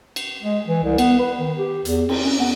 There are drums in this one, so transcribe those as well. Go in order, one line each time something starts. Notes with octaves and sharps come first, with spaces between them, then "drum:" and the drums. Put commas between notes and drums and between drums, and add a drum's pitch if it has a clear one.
drum: cymbal
G#3
E3
C2
B3, drum: cymbal
B4
D#3
G4
E2, drum: hi-hat
C4, drum: cymbal
C#4
B3